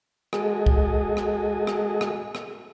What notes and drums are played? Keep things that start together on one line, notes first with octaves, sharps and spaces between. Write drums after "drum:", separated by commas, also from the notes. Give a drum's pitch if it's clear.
G#3 F#4 G#4 A4 D#5, drum: rim click
drum: kick C2
drum: rim click
drum: rim click
drum: rim click
drum: rim click